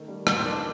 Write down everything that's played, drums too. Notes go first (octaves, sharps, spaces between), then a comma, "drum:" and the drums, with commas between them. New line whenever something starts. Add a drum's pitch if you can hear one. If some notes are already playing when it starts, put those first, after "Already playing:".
Already playing: D#3 A3
G3
D#3, drum: rim click
C4
D#3 D4